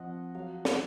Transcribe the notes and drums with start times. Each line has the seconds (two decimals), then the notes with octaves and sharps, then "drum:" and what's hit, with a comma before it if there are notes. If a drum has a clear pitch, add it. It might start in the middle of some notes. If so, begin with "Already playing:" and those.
Already playing: F3 C4 D#5 F#5
0.35 F#3 F5
0.65 drum: snare